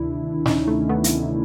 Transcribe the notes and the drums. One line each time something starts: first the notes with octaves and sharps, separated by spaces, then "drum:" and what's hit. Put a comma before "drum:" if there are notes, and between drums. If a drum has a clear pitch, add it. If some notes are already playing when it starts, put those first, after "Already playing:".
Already playing: D2 C3 D#3 D4 E4
C#4 D#4, drum: snare
A3
A3 B3
drum: hi-hat